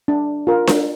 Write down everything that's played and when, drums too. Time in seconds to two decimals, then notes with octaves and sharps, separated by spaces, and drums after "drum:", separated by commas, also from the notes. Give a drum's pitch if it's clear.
0.08 D4
0.47 F4 A#4
0.67 drum: snare D4